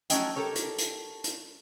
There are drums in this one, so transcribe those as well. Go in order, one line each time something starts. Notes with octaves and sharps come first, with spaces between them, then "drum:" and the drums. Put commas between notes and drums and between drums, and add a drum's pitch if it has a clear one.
F3 F#3 A3 C#4 D#5 G5, drum: hi-hat
G4 A4 A#4 C#5
drum: hi-hat
drum: hi-hat
drum: hi-hat